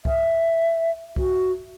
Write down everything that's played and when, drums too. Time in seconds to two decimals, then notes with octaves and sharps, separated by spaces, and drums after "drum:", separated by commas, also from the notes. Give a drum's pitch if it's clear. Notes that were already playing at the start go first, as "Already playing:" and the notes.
0.05 E5, drum: kick C2
1.16 F#4, drum: kick C2